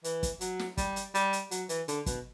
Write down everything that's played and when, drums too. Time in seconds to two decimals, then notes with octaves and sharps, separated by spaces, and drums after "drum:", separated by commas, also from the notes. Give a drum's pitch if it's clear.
0.04 E3, drum: hi-hat
0.23 drum: kick, hi-hat
0.41 F#3, drum: hi-hat
0.59 drum: snare
0.77 G3, drum: kick, hi-hat
0.96 drum: hi-hat
1.15 G3, drum: hi-hat
1.33 drum: hi-hat
1.51 F#3, drum: hi-hat
1.69 E3, drum: hi-hat
1.88 D3, drum: hi-hat
2.06 B2, drum: kick, hi-hat